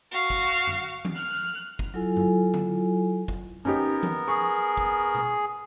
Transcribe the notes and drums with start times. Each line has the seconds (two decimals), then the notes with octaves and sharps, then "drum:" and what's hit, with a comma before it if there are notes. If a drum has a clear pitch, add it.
0.12 F#4 F5
0.30 drum: kick
0.67 drum: tom F#2
1.05 drum: tom E3
1.16 F6 F#6
1.79 drum: kick
1.94 F#3 E4 F4 A4 G#5
2.17 drum: tom F#2
2.54 drum: tom D3
3.28 drum: kick
3.65 B3 C#4 D#4 G4 A#4, drum: tom F#2
4.03 drum: tom E3
4.28 G#4 C#6
4.77 drum: kick
5.15 drum: tom B2